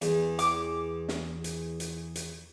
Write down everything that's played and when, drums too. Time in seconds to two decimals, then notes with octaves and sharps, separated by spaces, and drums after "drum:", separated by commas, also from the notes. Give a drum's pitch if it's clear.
0.02 E2, drum: hi-hat
0.39 D6, drum: hi-hat
1.09 drum: snare
1.44 drum: hi-hat
1.80 drum: hi-hat
2.16 drum: hi-hat